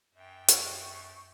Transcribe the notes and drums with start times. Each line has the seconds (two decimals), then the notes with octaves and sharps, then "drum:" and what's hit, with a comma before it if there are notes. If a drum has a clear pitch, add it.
0.14 F#2 E5 G5
0.48 C#6, drum: hi-hat